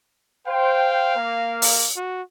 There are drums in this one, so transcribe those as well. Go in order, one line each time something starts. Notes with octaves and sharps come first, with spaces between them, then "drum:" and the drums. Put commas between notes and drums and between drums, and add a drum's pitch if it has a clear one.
C5 F5 G5
A#3
drum: open hi-hat
F#4